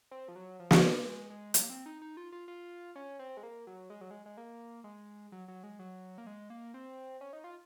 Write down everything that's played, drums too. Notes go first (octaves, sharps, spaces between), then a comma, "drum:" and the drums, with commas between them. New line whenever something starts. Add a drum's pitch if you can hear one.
C4
F3
F#3
F3
F#3, drum: snare
G#3
A#3
G#3
G#3
F#3, drum: hi-hat
A#3
C4
D#4
D#4
F4
F4
F4
C#4
C4
G#3
A#3
F#3
G#3
F#3
G#3
G#3
A#3
G#3
F#3
F#3
G#3
F#3
A#3
G#3
A#3
C4
C#4
D#4
F4